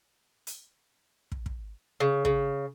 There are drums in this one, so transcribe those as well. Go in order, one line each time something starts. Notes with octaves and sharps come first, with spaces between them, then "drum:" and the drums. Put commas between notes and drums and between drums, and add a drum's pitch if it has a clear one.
drum: hi-hat
drum: kick
drum: kick
C#3
C#3, drum: kick